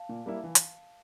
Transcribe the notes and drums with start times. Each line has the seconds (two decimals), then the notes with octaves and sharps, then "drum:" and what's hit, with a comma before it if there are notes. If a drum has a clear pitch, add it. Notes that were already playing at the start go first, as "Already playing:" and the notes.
Already playing: F5 A5
0.09 A#2
0.26 G3 A#3 E4
0.44 E3
0.55 drum: hi-hat